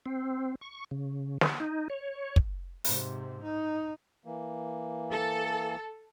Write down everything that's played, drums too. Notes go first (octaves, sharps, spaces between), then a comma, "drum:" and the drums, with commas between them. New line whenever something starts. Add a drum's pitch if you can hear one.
C4
C#6
C#3
drum: snare
D#4
C#5
drum: kick
G#2 C3, drum: open hi-hat
D#4
E3 A#3
A4